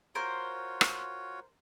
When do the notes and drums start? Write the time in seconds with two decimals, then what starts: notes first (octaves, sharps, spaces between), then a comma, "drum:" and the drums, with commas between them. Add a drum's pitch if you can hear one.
0.15 F4 F#4 A#4 C5 C#5
0.81 drum: rim click